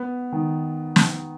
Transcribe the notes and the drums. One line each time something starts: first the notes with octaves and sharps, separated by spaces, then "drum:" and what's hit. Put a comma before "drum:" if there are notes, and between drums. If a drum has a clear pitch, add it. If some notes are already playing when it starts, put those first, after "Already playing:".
Already playing: B3
D#3
drum: snare